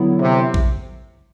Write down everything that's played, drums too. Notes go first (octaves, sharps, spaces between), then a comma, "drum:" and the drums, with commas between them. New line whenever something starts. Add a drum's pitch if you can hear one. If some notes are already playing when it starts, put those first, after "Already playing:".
Already playing: D3 F#3 B3 E4
C3
drum: kick A#1